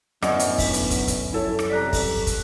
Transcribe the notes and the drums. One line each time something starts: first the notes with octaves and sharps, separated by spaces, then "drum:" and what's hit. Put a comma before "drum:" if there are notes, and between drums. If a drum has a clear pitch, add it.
F#2 A2 D3 B3 D5 D#5, drum: rim click
drum: hi-hat
E5, drum: kick, open hi-hat
drum: hi-hat
drum: kick, hi-hat
drum: kick, hi-hat
E4 A4 C#5
drum: rim click
C3 G3 A4 D5 A#5 F#6 B6
drum: kick, open hi-hat
drum: kick, hi-hat